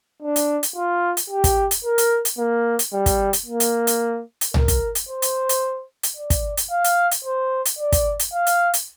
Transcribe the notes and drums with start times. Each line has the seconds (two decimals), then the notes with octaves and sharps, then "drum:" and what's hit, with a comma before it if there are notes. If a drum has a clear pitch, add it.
0.23 D4
0.36 drum: hi-hat
0.63 drum: hi-hat
0.76 F4
1.17 drum: hi-hat
1.30 G4
1.44 drum: kick, hi-hat
1.71 drum: hi-hat
1.85 A#4
1.98 drum: hi-hat
2.25 drum: hi-hat
2.38 A#3
2.79 drum: hi-hat
2.93 G3
3.06 drum: kick, hi-hat
3.33 drum: hi-hat
3.46 A#3
3.60 drum: hi-hat
3.87 drum: hi-hat
4.41 drum: hi-hat
4.54 A#4, drum: tom C2
4.68 drum: kick, hi-hat
4.95 drum: hi-hat
5.09 C5
5.22 drum: hi-hat
5.49 drum: hi-hat
6.03 drum: hi-hat
6.17 D5
6.30 drum: kick, hi-hat
6.57 drum: hi-hat
6.71 F5
6.84 drum: hi-hat
7.11 drum: hi-hat
7.25 C5
7.65 drum: hi-hat
7.79 D5
7.92 drum: kick, hi-hat
8.19 drum: hi-hat
8.34 F5
8.47 drum: hi-hat
8.74 drum: hi-hat